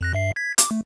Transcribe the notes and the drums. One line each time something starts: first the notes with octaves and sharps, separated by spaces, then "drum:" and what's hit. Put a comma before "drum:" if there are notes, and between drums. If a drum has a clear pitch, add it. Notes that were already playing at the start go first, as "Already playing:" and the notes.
F2 F#6 A#6
G2 E5 C7
G#6 B6
D6, drum: hi-hat
A3